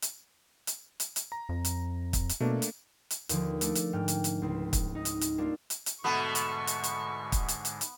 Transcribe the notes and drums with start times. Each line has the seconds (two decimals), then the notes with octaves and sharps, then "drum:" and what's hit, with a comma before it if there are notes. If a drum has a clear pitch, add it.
0.02 drum: hi-hat
0.67 drum: hi-hat
1.00 drum: hi-hat
1.16 drum: hi-hat
1.32 A#5
1.49 F2
1.65 drum: hi-hat
2.13 drum: kick, hi-hat
2.29 drum: hi-hat
2.40 B2 A3 A#3 D4
2.62 drum: hi-hat
3.11 drum: hi-hat
3.29 D#2 D3 F3, drum: hi-hat
3.61 A3 D4, drum: hi-hat
3.75 drum: hi-hat
3.93 G#2 G5 F6
4.08 drum: hi-hat
4.24 drum: hi-hat
4.42 C#2 C4 E4
4.73 drum: kick, hi-hat
4.95 D#4 D#5
5.05 drum: hi-hat
5.21 drum: hi-hat
5.38 G3 A3 A#3 D4 F4
5.70 drum: hi-hat
5.86 drum: hi-hat
6.04 G#2 B2 D3 G#3 A3 B3 C#6
6.35 drum: hi-hat
6.67 drum: hi-hat
6.84 drum: hi-hat
7.32 drum: kick, hi-hat
7.48 drum: hi-hat
7.65 drum: hi-hat
7.81 drum: hi-hat